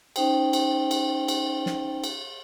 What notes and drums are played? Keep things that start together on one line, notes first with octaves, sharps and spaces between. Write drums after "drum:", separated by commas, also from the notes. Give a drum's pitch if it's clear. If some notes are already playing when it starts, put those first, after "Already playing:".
C#4 D#4 C5 G5, drum: cymbal
drum: cymbal
drum: cymbal
drum: cymbal
drum: snare
drum: cymbal